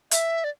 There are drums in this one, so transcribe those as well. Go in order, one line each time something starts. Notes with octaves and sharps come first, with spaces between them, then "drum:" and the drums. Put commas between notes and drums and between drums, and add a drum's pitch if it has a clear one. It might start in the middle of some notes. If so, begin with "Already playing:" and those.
E5, drum: hi-hat
D5